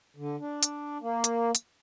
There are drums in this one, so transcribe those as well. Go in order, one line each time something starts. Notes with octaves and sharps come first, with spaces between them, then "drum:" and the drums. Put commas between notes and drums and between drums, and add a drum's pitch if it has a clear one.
D3
D4
drum: hi-hat
A#3
drum: hi-hat
drum: hi-hat